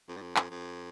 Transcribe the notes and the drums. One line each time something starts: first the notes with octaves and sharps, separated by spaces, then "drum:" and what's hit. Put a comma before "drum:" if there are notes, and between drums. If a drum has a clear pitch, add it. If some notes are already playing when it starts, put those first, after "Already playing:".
F2
G2
F2
F2, drum: clap
F2